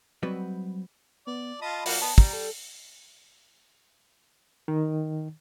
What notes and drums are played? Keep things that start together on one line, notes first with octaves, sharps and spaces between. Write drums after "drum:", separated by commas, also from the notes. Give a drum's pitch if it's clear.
F#3 G3 C4 F#4 B4 D#5
B3 D5
F4 D#5 A5 B5
F3 A#3 F#4, drum: open hi-hat
B3 A5
G3 A#5, drum: kick
A4
D#3